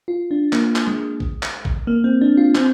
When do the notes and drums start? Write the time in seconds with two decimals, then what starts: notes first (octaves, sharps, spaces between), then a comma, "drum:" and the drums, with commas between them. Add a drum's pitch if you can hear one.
0.08 F4
0.31 D4
0.53 A#3, drum: clap
0.76 drum: clap
0.87 G#3
1.20 drum: kick A1
1.43 drum: clap
1.65 drum: kick A1
1.87 A#3
2.04 C4
2.21 D4
2.37 F4
2.55 C4, drum: clap